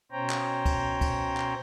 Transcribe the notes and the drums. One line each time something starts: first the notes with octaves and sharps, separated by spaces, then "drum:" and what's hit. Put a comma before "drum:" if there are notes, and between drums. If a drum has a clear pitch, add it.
B2 C#4 C5 C#5 G5 A#5
drum: clap
drum: kick C#2, cymbal
drum: kick C#2, cymbal
drum: clap